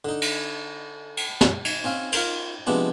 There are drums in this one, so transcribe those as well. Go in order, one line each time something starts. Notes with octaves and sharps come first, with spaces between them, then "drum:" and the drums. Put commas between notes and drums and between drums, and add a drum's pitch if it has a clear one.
D3 D#4
drum: cymbal
drum: cymbal
drum: snare
drum: cymbal
C4 C#4 F5
F4 A#4 C5, drum: cymbal
C3 F3 G#3 B3 D4